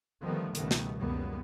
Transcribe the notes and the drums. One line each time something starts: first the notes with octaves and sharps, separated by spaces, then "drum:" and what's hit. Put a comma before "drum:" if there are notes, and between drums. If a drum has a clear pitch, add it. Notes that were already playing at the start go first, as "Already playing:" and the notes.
D3 D#3 F3 G3 A3 B3
C#2 B2 D#3 G3 A3 B3, drum: hi-hat
drum: snare
C#2 F#2 D#3 G3 A#3 B3